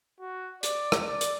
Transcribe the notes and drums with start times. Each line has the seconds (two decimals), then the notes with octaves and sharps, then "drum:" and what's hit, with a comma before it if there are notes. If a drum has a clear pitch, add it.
0.20 F#4
0.63 D5, drum: hi-hat
0.92 drum: rim click
1.06 D5
1.21 drum: hi-hat